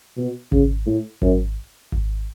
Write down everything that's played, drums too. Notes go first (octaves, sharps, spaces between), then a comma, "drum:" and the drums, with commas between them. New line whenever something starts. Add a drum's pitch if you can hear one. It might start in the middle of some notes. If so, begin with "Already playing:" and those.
B2
C#3, drum: kick G#1
A2
F#2, drum: kick G#1
drum: kick G#1